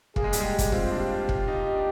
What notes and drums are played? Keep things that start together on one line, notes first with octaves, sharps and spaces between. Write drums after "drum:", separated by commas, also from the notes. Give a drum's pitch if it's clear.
A#3 G#4, drum: kick
G#3
G3, drum: hi-hat
G#3 G4
drum: kick, hi-hat
C4 F4, drum: kick
D4
G4
F4
F4, drum: kick
D#4
D#4
D4